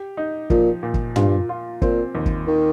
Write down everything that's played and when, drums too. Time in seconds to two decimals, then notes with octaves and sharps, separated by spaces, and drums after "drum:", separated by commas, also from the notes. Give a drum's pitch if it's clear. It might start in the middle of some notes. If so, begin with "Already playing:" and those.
Already playing: G4
0.17 D#4
0.50 A#2 F3, drum: kick
0.83 A#2
0.94 drum: kick
1.16 G2 F4, drum: tom
1.49 F4
1.82 A#2 C4, drum: kick
2.15 D#2
2.26 drum: kick
2.47 D#3